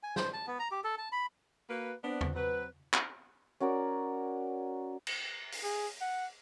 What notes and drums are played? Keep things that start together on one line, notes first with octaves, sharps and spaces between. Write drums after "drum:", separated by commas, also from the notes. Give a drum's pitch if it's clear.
G#5
C5, drum: snare
A5
B3
A#5
G4
A4
A5
B5
A#3 F#4 B4
B3 C4 D4
drum: tom
F#3 C4 B4
drum: clap
C#4 F#4 A#4 D5
drum: cymbal
drum: open hi-hat
G#4
F#5